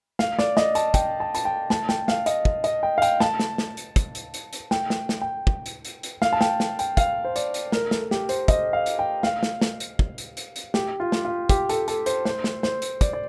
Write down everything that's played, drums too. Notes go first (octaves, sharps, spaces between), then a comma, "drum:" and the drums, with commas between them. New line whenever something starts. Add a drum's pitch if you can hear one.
F5, drum: snare
D5, drum: snare
D#5, drum: snare
A5, drum: hi-hat
G5, drum: kick, hi-hat
A5
A5, drum: hi-hat
G5
A5, drum: snare
G5, drum: snare
F5, drum: snare
D#5, drum: hi-hat
drum: kick
D#5, drum: hi-hat
G5
F5
G5, drum: hi-hat
A5, drum: snare
drum: snare
drum: snare
drum: hi-hat
drum: kick, hi-hat
drum: hi-hat
drum: hi-hat
drum: hi-hat
G5, drum: snare
drum: snare
drum: snare
G5
drum: kick
drum: hi-hat
drum: hi-hat
drum: hi-hat
F5, drum: snare
A5
G5, drum: snare
drum: snare
G5, drum: hi-hat
F5, drum: kick, hi-hat
C5
D5, drum: hi-hat
drum: hi-hat
A#4, drum: snare
A4, drum: snare
G4, drum: snare
C5, drum: hi-hat
D#5, drum: kick, hi-hat
F5
drum: hi-hat
G5
F5, drum: snare
drum: snare
drum: snare
drum: hi-hat
drum: kick
drum: hi-hat
drum: hi-hat
drum: hi-hat
G4, drum: snare
F4
drum: snare
F4
G4, drum: kick, hi-hat
A4, drum: hi-hat
A4, drum: hi-hat
C5, drum: hi-hat
C5, drum: snare
drum: snare
C5, drum: snare
drum: hi-hat
D5, drum: kick, hi-hat
D5